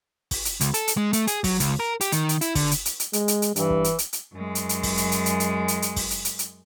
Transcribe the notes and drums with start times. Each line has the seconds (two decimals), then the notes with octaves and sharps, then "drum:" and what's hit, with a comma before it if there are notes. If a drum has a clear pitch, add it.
0.31 drum: kick, open hi-hat
0.45 drum: hi-hat
0.61 C#2, drum: hi-hat
0.74 A4, drum: hi-hat
0.88 drum: hi-hat
0.97 G#3
1.13 A3, drum: hi-hat
1.27 G#4, drum: hi-hat
1.44 F#3, drum: kick, open hi-hat
1.60 C#2, drum: hi-hat
1.80 A#4
2.01 G4, drum: hi-hat
2.12 D#3, drum: hi-hat
2.29 drum: hi-hat
2.41 E4, drum: hi-hat
2.55 D3, drum: kick, open hi-hat
2.71 drum: hi-hat
2.85 drum: hi-hat
3.00 drum: hi-hat
3.13 G#3, drum: hi-hat
3.28 drum: hi-hat
3.42 drum: hi-hat
3.56 G2 E3, drum: hi-hat
3.70 drum: kick
3.84 drum: hi-hat
3.99 drum: hi-hat
4.13 drum: hi-hat
4.33 F#2 G#3
4.55 drum: hi-hat
4.69 drum: hi-hat
4.83 drum: kick, open hi-hat
4.97 drum: hi-hat
5.12 drum: hi-hat
5.26 drum: hi-hat
5.40 drum: hi-hat
5.68 drum: hi-hat
5.82 drum: hi-hat
5.96 drum: kick, open hi-hat
6.11 drum: hi-hat
6.25 drum: hi-hat
6.39 drum: hi-hat